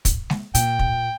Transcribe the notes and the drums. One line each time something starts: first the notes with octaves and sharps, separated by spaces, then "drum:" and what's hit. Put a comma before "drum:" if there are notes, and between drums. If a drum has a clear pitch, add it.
drum: kick, hi-hat
drum: snare G#3
A#2 G5, drum: hi-hat
drum: kick